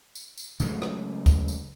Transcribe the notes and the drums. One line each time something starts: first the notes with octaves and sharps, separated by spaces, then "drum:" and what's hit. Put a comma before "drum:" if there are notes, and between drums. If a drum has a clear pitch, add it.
drum: tambourine
drum: tambourine
C#3 F#3 G#3 A3, drum: tambourine
drum: rim click
drum: kick, tambourine
drum: tambourine